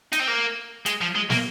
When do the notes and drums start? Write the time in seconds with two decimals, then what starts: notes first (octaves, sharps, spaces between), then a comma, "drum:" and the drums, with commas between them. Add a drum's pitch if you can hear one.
0.13 D#4, drum: hi-hat
0.20 C4
0.28 A#3
0.86 G#3, drum: hi-hat
1.01 F3
1.15 G#3
1.30 A#3, drum: snare